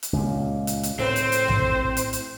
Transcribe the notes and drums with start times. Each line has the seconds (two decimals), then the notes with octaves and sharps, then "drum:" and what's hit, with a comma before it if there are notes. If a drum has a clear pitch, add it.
0.03 drum: hi-hat
0.13 C#2 A#2
0.67 drum: hi-hat
0.83 drum: hi-hat
1.00 A2 C4 C5
1.16 drum: hi-hat
1.32 drum: hi-hat
1.48 drum: tom A#1
1.97 drum: hi-hat
2.13 drum: hi-hat